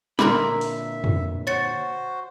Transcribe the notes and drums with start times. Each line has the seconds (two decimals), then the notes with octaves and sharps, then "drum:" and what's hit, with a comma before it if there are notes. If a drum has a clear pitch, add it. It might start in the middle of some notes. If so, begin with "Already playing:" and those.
0.19 A#2 D3 A#4 E5 B5 C6 D6, drum: snare
0.61 drum: open hi-hat
1.04 drum: tom F2
1.47 F#4 C5 C#5 A6 C#7